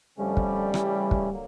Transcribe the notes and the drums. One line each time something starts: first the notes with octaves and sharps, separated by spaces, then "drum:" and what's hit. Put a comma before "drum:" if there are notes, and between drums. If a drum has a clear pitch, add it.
F2 D3 F3 G3 A3 C#4
drum: kick
C#3 E3 A3 C#4 E4, drum: rim click
drum: kick
D3 F#3 A#3